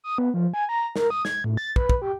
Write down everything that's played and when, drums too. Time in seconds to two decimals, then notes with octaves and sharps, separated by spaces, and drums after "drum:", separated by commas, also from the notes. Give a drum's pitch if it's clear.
0.04 D#6
0.18 B3
0.34 F3
0.54 G#5
0.69 A#5
0.96 A#4, drum: snare
1.10 D#6
1.25 G#6, drum: snare
1.44 A2
1.57 A6
1.76 B4, drum: kick
1.90 drum: kick
2.02 G4